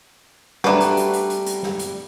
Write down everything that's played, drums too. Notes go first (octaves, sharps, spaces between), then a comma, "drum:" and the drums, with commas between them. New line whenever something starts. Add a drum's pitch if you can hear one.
G3 A3 D4 F#4 B4 F#5 A#5, drum: snare
drum: hi-hat
drum: hi-hat
drum: hi-hat
drum: hi-hat
drum: hi-hat
drum: snare
drum: hi-hat